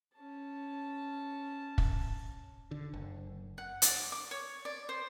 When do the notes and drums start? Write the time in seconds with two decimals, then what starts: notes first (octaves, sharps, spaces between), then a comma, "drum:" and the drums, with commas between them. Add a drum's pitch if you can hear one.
0.16 C#4 A5
1.78 drum: kick
2.71 D3
2.94 F#1
3.58 F#5
3.82 D5, drum: hi-hat
4.12 D6
4.31 C#5
4.65 D5
4.89 C5